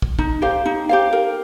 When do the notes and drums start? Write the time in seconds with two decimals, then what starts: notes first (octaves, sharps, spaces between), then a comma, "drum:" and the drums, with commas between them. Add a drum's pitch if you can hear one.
0.02 drum: kick
0.19 D#4, drum: kick
0.42 G4 C5 F5
0.66 D#4
0.89 G4 C5 F5
1.13 A#4